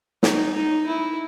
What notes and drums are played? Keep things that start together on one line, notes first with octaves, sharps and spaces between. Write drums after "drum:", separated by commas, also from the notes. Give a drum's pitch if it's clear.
D#4, drum: snare
D#4
E4